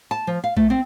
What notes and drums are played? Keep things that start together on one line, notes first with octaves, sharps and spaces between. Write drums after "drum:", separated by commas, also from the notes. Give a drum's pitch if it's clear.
A5
F3
F5
A3, drum: kick A#1
C4